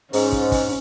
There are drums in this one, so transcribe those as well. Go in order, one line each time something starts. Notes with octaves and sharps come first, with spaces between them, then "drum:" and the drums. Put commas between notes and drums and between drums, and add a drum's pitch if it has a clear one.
G#2 C#4, drum: open hi-hat
drum: kick
drum: kick, open hi-hat